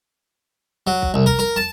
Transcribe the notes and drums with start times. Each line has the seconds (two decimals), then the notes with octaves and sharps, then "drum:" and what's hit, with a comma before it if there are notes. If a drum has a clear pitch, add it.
0.87 F#3
1.02 drum: kick
1.14 C2
1.26 A#4, drum: kick
1.39 A#4
1.56 A5